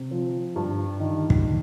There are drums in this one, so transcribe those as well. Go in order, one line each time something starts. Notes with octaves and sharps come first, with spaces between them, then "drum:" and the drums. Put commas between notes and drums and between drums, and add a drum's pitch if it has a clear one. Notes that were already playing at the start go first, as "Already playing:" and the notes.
Already playing: C3
F3
G2
D#3
drum: kick